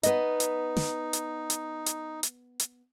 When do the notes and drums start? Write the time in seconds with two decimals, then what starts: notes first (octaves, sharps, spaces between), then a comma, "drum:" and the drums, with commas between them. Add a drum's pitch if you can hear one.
0.03 B3 D#4 D#5, drum: hi-hat
0.40 drum: hi-hat
0.77 drum: snare
1.13 drum: hi-hat
1.50 drum: hi-hat
1.86 drum: hi-hat
2.23 drum: hi-hat
2.60 drum: hi-hat